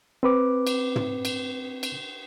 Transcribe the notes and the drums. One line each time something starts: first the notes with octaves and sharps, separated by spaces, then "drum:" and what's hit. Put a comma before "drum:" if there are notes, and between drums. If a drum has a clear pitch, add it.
C4 B4 D6
drum: cymbal
drum: tom
drum: cymbal
drum: cymbal